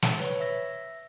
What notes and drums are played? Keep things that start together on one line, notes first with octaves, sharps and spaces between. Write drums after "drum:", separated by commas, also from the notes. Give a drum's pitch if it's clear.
drum: snare
B4 C#5
E5 E6 A#6